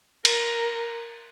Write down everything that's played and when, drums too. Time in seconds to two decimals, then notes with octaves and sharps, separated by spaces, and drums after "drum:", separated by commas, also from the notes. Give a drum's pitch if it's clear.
0.25 A#4, drum: cymbal